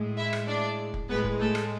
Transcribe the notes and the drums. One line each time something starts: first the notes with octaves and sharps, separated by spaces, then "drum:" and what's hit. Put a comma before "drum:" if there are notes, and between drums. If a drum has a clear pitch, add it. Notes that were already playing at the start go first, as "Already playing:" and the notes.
Already playing: A2 G#3
E4 E5
drum: rim click
D4 D5
drum: kick
A2 G#3 B3 B4
drum: kick
A3 A4
drum: rim click